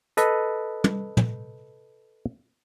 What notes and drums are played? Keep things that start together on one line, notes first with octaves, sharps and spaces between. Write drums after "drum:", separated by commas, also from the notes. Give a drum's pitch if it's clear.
A4 B4 D#5, drum: hi-hat
drum: tom
drum: tom